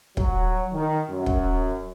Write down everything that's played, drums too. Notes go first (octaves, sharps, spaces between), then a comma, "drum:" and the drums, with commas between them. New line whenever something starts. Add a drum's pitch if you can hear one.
F#3, drum: kick
D#3
F#2
drum: kick